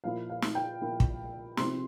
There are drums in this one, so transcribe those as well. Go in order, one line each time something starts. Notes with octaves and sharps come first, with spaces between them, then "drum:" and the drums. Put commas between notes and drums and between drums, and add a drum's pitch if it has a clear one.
A#2 F3 A#3 E4 F5
F5
drum: snare
G5
A#2 F3 A#3 E4
drum: kick
C3 F3 C4 E4 C6, drum: snare